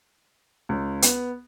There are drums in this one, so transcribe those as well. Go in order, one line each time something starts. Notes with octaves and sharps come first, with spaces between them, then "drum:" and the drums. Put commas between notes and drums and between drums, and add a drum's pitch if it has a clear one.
C#2
B3, drum: hi-hat